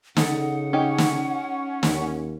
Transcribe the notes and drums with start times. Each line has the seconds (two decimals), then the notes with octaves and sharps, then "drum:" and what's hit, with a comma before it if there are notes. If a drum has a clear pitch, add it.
0.17 C#3 D#4 A4 F#5, drum: snare
0.73 C#4 D#4 G4
0.98 drum: snare
1.83 D#2, drum: snare